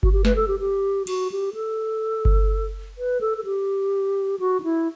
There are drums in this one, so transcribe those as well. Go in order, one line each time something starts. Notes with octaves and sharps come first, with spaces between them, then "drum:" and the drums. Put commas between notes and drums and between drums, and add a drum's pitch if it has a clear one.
F#4, drum: kick G1
G4
B4, drum: snare
A4
G4
G4
F#4, drum: cymbal
G4
A4
drum: kick G1
B4
A4
A4
G4
F#4
D#4
E4